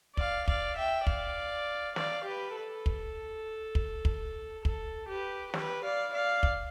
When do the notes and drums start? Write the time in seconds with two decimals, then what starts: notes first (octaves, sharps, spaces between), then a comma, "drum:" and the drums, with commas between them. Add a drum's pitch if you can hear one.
0.17 D5 F5, drum: kick
0.48 D5 F5, drum: kick
0.78 E5 G5
1.07 D5 F5, drum: kick
1.96 D5 F5, drum: snare
2.26 G4 B4
2.56 A4
2.86 drum: kick
3.75 drum: kick
4.05 drum: kick
4.65 A4, drum: kick
5.09 G4 B4
5.54 G4 B4, drum: snare
5.83 D5 F5
6.13 D5 F5
6.43 drum: kick